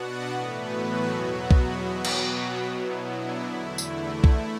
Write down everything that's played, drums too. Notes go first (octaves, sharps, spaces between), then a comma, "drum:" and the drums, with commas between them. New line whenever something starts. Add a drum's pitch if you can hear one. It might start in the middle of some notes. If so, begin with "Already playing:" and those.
Already playing: B2 B3 D4 F#4 D5 F#5
A2 E3 A3 B3 B4
F#3 F#4
E2 B2 B3
drum: kick B1
B2 F#3 B3
drum: cymbal
B2 F#3 B3 E4
D4
E2 D3 A3 E4
drum: tambourine
A2 A3 E4, drum: kick B1